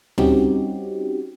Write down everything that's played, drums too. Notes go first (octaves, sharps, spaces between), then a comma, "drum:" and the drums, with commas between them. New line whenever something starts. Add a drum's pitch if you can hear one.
G3 C4 C#4 D#4 F#4 G4, drum: tom